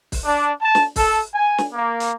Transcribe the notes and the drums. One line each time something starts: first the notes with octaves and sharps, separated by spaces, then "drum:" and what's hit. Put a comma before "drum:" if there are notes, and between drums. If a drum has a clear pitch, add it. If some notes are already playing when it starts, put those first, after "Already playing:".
drum: kick, open hi-hat
D4
A5
drum: snare
A4, drum: kick, open hi-hat
G#5
drum: snare
A#3
drum: hi-hat